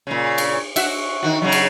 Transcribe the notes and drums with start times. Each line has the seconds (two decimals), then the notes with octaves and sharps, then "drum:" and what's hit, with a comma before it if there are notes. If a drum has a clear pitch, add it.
0.07 A#2 C#3
0.38 drum: cymbal
0.76 F#4 E5, drum: cymbal
1.23 D#3 F#4
1.42 C#3 F#3
1.52 drum: cymbal